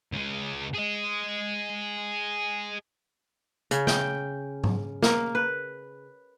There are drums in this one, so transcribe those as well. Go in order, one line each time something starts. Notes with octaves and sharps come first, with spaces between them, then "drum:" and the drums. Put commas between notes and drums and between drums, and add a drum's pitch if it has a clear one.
C#2 G#3
G#4 D#5
C#3, drum: hi-hat
G5, drum: snare
drum: tom G#2
A#3, drum: snare
B4